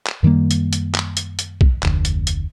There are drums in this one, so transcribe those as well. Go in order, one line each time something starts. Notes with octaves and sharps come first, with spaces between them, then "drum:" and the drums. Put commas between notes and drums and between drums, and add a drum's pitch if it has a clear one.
drum: clap
F#2 D#3 G3 A#3
drum: hi-hat
drum: hi-hat
drum: clap
drum: hi-hat
drum: hi-hat
drum: kick B1
F1 D2, drum: clap
drum: hi-hat
drum: hi-hat